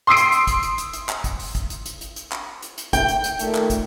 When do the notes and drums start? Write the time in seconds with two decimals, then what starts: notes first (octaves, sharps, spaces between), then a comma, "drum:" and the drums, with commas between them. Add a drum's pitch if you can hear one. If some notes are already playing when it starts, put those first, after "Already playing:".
0.07 C6 D#6 E6 C7 D7
0.17 drum: hi-hat
0.32 drum: hi-hat
0.47 drum: kick, hi-hat
0.63 drum: hi-hat
0.78 drum: hi-hat
0.93 drum: hi-hat
1.09 drum: clap
1.24 drum: kick, hi-hat
1.40 drum: open hi-hat
1.55 drum: kick, hi-hat
1.70 drum: hi-hat
1.86 drum: hi-hat
2.01 drum: hi-hat
2.16 drum: hi-hat
2.32 drum: clap
2.62 drum: hi-hat
2.78 drum: hi-hat
2.93 G5, drum: kick, hi-hat
3.08 drum: hi-hat
3.24 drum: hi-hat
3.39 A#2 D#3 A3, drum: hi-hat
3.55 drum: clap
3.70 drum: kick, hi-hat